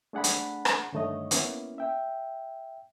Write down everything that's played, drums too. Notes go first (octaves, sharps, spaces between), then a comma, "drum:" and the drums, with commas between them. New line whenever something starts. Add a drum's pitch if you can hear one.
A3 D4 G#4 F#5 A5 B5
drum: hi-hat
drum: rim click
G2 D3 D#3 A3 C#5 D#5
A#3 B3 C#4 E4, drum: hi-hat
E5 G5